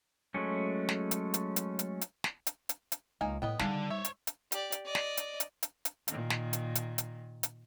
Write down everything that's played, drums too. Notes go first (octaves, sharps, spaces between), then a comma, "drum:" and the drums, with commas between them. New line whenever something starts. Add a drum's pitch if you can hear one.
F#3 G#3 A3 C#4
drum: snare
drum: hi-hat
drum: hi-hat
drum: hi-hat
drum: hi-hat
drum: hi-hat
drum: snare
drum: hi-hat
drum: hi-hat
drum: hi-hat
C#2 A#3 D#4 G#5
A2 B3 D#5 G5
D3 G3 D#4 G#4 F5 F#5, drum: snare
C5 C#5 E5
drum: hi-hat
drum: hi-hat
G4 D5, drum: hi-hat
drum: hi-hat
D5 D#5
drum: snare
drum: hi-hat
drum: hi-hat
drum: hi-hat
drum: hi-hat
A#2 D#3, drum: hi-hat
drum: snare
drum: hi-hat
drum: hi-hat
drum: hi-hat
drum: hi-hat